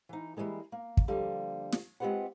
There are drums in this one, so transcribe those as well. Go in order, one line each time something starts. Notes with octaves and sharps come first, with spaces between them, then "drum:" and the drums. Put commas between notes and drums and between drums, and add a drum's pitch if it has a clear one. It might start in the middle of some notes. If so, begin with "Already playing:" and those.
E3 D#4
E3 F3 G3 G#3 A#3
A#3
drum: kick
D3 F3 G3 A#3
drum: snare
G#3 C4 F4 G4 B4 F#5